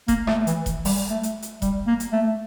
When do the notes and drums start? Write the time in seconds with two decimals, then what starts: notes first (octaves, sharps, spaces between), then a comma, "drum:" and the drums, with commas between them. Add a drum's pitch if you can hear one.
0.08 A#3, drum: kick E1, hi-hat
0.27 A3, drum: rim click
0.47 E3, drum: hi-hat
0.66 drum: kick E1, hi-hat
0.85 G3, drum: open hi-hat
1.10 A3
1.23 drum: hi-hat
1.42 drum: hi-hat
1.62 G3, drum: kick E1, hi-hat
1.87 A#3
2.00 drum: hi-hat
2.12 A3